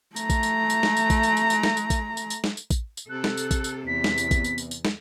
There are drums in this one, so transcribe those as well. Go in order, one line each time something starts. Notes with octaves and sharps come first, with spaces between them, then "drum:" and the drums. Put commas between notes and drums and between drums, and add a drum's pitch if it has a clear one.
A3 A#5, drum: tambourine
drum: kick, tambourine
drum: tambourine
drum: tambourine
drum: snare
drum: tambourine
drum: kick, tambourine
drum: tambourine
drum: tambourine
drum: tambourine
drum: snare
drum: tambourine
drum: kick, tambourine
drum: tambourine
drum: tambourine
drum: snare
drum: tambourine
drum: kick, tambourine
drum: tambourine
C3 A4 F#6
drum: snare
drum: tambourine
drum: kick, tambourine
drum: tambourine
E2 B6
drum: snare
drum: tambourine
drum: kick, tambourine
drum: tambourine
drum: tambourine
drum: tambourine
drum: snare